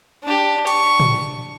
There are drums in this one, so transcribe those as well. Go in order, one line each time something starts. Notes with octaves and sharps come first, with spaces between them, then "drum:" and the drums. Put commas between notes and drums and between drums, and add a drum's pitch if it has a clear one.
D4 G4
C#6, drum: hi-hat
drum: tom A2